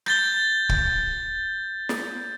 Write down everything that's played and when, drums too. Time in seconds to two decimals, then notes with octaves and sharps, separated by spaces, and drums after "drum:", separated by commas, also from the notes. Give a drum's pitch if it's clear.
0.06 G6 A6 G7, drum: rim click
0.69 drum: kick
1.89 drum: snare